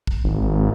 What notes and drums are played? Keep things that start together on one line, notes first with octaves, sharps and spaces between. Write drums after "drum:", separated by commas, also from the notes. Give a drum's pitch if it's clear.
drum: kick
G#1